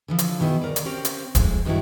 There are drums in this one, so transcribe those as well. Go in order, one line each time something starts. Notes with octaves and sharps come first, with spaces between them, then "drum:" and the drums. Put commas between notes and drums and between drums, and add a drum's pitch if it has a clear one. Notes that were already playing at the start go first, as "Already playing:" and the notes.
D3 E3 F3
drum: hi-hat
B2 D#3 E4 G#4
D2 A#4 D5
drum: hi-hat
C4 C#4 G4 A#4
drum: hi-hat
F2 G#3 E4, drum: kick D1, hi-hat
G2 D#3 F#3 D4 E4